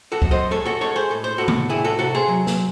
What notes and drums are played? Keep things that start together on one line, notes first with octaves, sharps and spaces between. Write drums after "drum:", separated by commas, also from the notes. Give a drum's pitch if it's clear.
F#4 A4
F#2, drum: kick
C5 D#5
G#3 A4 C#5
F#4 A4
G#3 A4 C#5
G#4 C5
A2 A4
C5
A2 F#4 A4
drum: tom C3
C2 E4 G#4
F#4 A4
C3 F#4 A4
G#4 C5
F#3
drum: snare